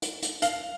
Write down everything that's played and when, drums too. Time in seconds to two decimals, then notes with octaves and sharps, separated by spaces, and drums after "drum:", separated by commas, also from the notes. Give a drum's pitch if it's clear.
0.02 drum: hi-hat
0.22 drum: hi-hat
0.42 F5, drum: hi-hat